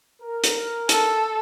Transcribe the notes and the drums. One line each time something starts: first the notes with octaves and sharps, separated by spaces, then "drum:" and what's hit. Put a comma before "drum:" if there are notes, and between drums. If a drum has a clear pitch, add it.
A#4
drum: hi-hat
A4, drum: hi-hat